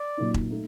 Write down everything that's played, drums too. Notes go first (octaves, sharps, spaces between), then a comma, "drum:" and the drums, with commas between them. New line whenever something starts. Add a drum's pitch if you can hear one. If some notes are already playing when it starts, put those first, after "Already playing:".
Already playing: D5
A#2 F#3 A#3 D#4
drum: kick E1
A3 D#4